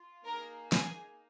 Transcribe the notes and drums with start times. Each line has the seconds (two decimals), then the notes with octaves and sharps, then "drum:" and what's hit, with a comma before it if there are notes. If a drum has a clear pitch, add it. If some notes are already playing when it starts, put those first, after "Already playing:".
Already playing: F4
0.25 A#3 D#4 G#4 A#4 A#5
0.72 G#4 G#5, drum: snare